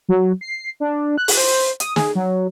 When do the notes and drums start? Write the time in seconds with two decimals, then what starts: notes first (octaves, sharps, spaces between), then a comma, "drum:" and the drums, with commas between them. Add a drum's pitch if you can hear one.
0.09 F#3
0.41 C7
0.80 D4
1.18 F#6
1.28 drum: open hi-hat
1.37 C5
1.80 D#6, drum: hi-hat
1.96 G#4, drum: snare
2.15 F#3